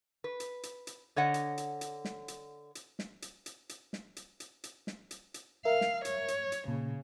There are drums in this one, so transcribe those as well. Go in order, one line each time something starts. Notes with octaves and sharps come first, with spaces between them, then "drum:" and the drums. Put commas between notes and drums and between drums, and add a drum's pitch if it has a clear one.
B4
drum: hi-hat
drum: hi-hat
drum: hi-hat
D3 C#5 D#5 F#5
drum: hi-hat
drum: hi-hat
drum: hi-hat
drum: snare
drum: hi-hat
drum: hi-hat
drum: snare
drum: hi-hat
drum: hi-hat
drum: hi-hat
drum: snare
drum: hi-hat
drum: hi-hat
drum: hi-hat
drum: snare
drum: hi-hat
drum: hi-hat
A#4 E5 F5
drum: snare
C#5, drum: hi-hat
drum: hi-hat
drum: hi-hat
A#2 C#3